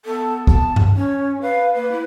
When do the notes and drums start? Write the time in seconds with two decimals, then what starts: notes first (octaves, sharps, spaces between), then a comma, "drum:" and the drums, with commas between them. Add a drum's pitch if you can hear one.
0.05 B3 A4
0.47 A5, drum: kick
0.76 drum: tom G2
0.96 C#4 C#5
1.42 B4 F5
1.75 A#3 B4
1.91 E4